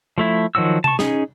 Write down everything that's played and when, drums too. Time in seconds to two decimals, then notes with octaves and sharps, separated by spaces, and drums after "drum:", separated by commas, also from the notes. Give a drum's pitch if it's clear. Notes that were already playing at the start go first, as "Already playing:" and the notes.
0.18 F3 A3 E4
0.55 D#3 F3 F#3 F#4 E6
0.84 A5 C#6, drum: tom C3
0.99 C#4 D#4 G#4, drum: snare